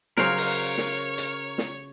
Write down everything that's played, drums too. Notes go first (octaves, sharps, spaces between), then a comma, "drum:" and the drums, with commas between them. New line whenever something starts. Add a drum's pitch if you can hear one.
C#3 F#3 A#4 C5 C#5 F5, drum: snare
drum: open hi-hat
drum: snare
drum: hi-hat
drum: snare